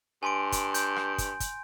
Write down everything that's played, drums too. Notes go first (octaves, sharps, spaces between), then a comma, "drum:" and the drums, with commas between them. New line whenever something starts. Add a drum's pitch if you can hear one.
G2 G#5 C6 D7
drum: kick, hi-hat
G6, drum: hi-hat
drum: rim click
drum: kick, hi-hat
drum: kick, hi-hat